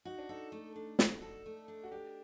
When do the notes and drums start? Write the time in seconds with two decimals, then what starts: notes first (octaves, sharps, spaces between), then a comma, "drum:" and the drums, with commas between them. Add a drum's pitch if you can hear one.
0.05 D#4 F#4
0.19 D4
0.29 D#4 A4
0.52 A3
0.76 D4
0.99 F#4, drum: snare
1.22 A4
1.46 A3
1.68 D4
1.84 F#4
1.91 D4 G4